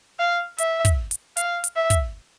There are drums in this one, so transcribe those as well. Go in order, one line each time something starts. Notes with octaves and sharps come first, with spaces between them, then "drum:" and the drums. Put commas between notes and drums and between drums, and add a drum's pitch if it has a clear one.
F5
E5, drum: hi-hat
drum: kick, hi-hat
drum: hi-hat
F5, drum: hi-hat
drum: hi-hat
E5
drum: kick, hi-hat